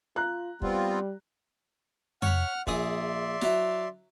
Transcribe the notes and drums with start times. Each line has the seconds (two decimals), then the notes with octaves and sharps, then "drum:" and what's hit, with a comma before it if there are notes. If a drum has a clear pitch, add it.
0.16 F4 A#5 F#6
0.62 G3 B3 C4 F4, drum: kick
2.22 C#5 F#5 B5 F6, drum: tom F2
2.67 A#1 G#4 D5 E5 C6 D#6, drum: kick
3.41 F#3 E4, drum: snare